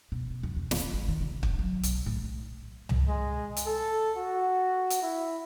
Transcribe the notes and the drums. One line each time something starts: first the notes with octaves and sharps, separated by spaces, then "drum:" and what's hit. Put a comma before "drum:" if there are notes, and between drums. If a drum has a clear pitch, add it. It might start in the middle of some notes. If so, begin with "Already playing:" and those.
B2
B2
F2
E2
D#1, drum: snare
G#1
D#3
C3
G2, drum: kick
F#3
B1, drum: hi-hat
A2
drum: tom C2
G#3
drum: hi-hat
A4
F#4
drum: hi-hat
E4